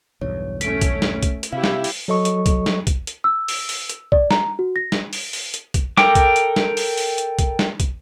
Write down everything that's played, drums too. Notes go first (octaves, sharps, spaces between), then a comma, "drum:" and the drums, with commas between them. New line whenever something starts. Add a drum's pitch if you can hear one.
B1 E2 G2 C#5
A3 C#4 B6 D7, drum: hi-hat
drum: kick, hi-hat
drum: snare
drum: kick, hi-hat
drum: hi-hat
C3 E4 G4 F5
drum: snare
drum: open hi-hat
F#3 A4 D#5 C#6
drum: hi-hat
drum: kick, hi-hat
drum: snare
drum: kick, hi-hat
drum: hi-hat
E6
drum: open hi-hat
drum: open hi-hat
drum: hi-hat
D5, drum: kick
A#5, drum: snare
F#4
A#6
drum: snare
drum: open hi-hat
drum: open hi-hat
drum: hi-hat
drum: kick, hi-hat
A4 A#4 G5 D6, drum: snare
drum: kick, hi-hat
drum: hi-hat
drum: snare
drum: open hi-hat
drum: open hi-hat
drum: hi-hat
drum: kick, hi-hat
drum: snare
drum: kick, hi-hat